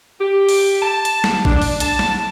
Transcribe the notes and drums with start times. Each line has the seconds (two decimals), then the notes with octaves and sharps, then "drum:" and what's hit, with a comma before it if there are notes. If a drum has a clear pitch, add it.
0.21 G4
0.49 drum: open hi-hat
0.81 A5
1.05 drum: hi-hat
1.24 drum: snare
1.45 D4, drum: kick A1
1.62 drum: open hi-hat
1.80 A5, drum: hi-hat
1.99 drum: snare